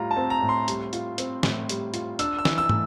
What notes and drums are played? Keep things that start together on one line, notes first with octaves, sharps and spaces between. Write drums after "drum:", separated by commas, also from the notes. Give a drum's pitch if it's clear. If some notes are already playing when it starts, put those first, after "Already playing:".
Already playing: A2 G3 F4 A#5
A5
C4
A#5
A2
C6
G3, drum: hi-hat
F4, drum: hi-hat
C4, drum: hi-hat
A2, drum: snare
G3, drum: hi-hat
F4, drum: hi-hat
D4 E6, drum: hi-hat
E6
E3, drum: snare
E6
A3, drum: tom